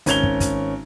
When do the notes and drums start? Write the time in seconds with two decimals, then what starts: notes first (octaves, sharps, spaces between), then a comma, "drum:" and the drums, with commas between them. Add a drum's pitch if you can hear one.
0.06 G#1 C#4 G#6 F7 G7, drum: hi-hat
0.23 drum: kick
0.40 drum: kick, hi-hat